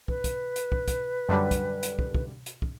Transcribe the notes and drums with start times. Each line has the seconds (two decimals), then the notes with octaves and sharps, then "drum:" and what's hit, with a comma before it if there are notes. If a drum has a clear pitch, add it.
0.08 B4, drum: kick
0.24 drum: kick, hi-hat
0.56 drum: hi-hat
0.72 drum: kick
0.88 drum: kick, hi-hat
1.29 F#2 D3 G3
1.51 drum: kick, hi-hat
1.83 drum: hi-hat
1.99 drum: kick
2.15 drum: kick
2.46 drum: hi-hat
2.62 drum: kick